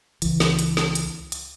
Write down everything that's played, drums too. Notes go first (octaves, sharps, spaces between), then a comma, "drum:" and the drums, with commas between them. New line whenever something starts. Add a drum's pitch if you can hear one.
C#2 E3, drum: hi-hat
drum: snare
drum: hi-hat
drum: snare
drum: hi-hat
drum: hi-hat